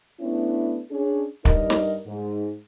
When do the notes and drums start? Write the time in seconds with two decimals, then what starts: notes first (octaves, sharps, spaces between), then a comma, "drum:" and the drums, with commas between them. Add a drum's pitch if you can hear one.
0.20 A3 B3 C#4 D4 E4
0.91 C#4 D4 G#4
1.45 G2 G3 D#4 A#4 D#5, drum: kick
1.70 drum: snare
2.07 G#2